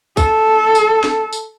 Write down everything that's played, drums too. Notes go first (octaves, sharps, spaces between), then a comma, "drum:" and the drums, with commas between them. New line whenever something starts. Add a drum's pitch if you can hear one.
A4, drum: kick, tambourine
drum: tambourine
drum: snare
drum: tambourine